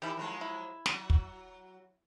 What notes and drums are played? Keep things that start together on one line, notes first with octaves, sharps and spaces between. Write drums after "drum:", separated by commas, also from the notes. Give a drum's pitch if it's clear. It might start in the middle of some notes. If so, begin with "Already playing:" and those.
D#3 E3 E4 G4
F3 F#3 G#3
E4
F#3 F#4, drum: snare
drum: kick